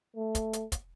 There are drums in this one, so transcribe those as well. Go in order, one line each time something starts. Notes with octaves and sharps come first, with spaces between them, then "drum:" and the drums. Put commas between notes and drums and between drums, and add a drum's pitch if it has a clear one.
A3
drum: kick, hi-hat
drum: hi-hat
drum: kick, hi-hat